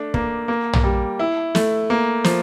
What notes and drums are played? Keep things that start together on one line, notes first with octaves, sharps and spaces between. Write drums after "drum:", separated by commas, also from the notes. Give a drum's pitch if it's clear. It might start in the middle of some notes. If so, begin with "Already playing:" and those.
Already playing: A3 D4
A#3, drum: kick
A#3
drum: tom
G3
E4
A3, drum: snare
A#3
F3, drum: snare